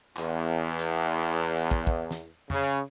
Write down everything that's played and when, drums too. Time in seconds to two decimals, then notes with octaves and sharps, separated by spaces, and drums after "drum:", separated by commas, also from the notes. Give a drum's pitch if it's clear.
0.17 E2, drum: clap
0.79 drum: hi-hat
1.71 drum: kick
1.87 drum: kick
2.11 drum: snare
2.50 C#3, drum: tom F2